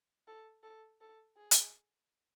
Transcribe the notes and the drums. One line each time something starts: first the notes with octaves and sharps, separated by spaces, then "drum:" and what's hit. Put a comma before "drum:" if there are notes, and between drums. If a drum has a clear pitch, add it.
A4
A4
A4
G#4
drum: hi-hat